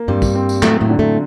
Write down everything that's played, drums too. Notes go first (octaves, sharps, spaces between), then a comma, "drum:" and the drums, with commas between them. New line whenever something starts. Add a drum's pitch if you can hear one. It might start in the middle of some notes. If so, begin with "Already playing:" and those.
Already playing: A#3
G2 G3 C4
drum: kick, tambourine
C4
drum: tambourine
A2 F#3 A3, drum: clap
A2 A3
D3
A2 A3